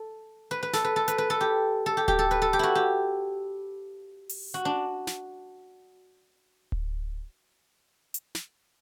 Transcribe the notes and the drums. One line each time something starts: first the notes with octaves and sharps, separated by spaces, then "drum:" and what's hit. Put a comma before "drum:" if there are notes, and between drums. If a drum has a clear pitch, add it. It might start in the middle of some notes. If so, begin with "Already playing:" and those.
Already playing: A4
B4
B4
A4, drum: snare
B4
A4
B4, drum: hi-hat
B4
A4
G4
A4
G4
G4, drum: kick D1
A4
B4
A4
G4
E4 F#4
G4
drum: open hi-hat
F#4
D4
drum: snare
drum: kick D1
drum: hi-hat
drum: snare